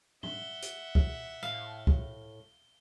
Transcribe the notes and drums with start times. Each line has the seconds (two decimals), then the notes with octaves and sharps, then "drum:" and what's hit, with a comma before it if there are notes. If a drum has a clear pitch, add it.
0.23 E5 F#5 G7, drum: tom G#2
0.62 drum: hi-hat
0.95 drum: kick
1.43 A2 F5
1.87 drum: kick